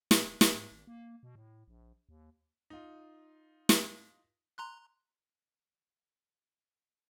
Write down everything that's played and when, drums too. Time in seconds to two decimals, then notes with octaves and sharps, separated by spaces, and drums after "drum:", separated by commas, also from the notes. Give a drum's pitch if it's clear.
0.11 A2, drum: snare
0.25 E1
0.41 E1, drum: snare
0.54 G#2
0.72 G#1
0.87 A#3
1.23 B2
1.35 A2
1.68 A#1
2.09 D#2
2.70 D#4 F4
3.69 drum: snare
4.58 A#5 C6 F#6